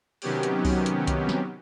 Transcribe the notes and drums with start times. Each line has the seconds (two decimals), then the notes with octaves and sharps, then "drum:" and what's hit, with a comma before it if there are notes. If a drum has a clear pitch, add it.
0.22 C3 D#3 F#3 B3 C#4 G4, drum: open hi-hat
0.43 drum: hi-hat
0.65 drum: kick C2, open hi-hat
0.86 drum: hi-hat
1.07 drum: kick C2, hi-hat
1.29 drum: snare